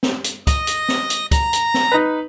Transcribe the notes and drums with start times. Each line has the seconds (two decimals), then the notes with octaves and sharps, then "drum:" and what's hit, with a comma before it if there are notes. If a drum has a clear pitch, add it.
0.03 drum: snare C4
0.24 drum: hi-hat
0.47 D#5 A#6, drum: kick, hi-hat
0.67 drum: hi-hat
0.89 drum: snare C4
1.10 drum: hi-hat
1.31 A#5 A#6, drum: kick, hi-hat
1.53 drum: hi-hat
1.74 drum: snare C4
1.92 D#4 B4